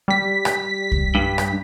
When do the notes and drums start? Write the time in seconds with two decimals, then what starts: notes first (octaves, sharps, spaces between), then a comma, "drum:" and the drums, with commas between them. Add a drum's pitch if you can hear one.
0.08 G3 B6
0.45 drum: rim click
0.92 drum: kick C2
1.15 G2
1.38 drum: rim click